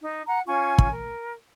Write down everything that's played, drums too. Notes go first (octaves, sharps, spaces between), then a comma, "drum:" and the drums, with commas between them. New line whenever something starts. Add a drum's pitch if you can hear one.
D#4
F#5 A#5
C#4 F4 G#5 C#6
drum: kick
A#4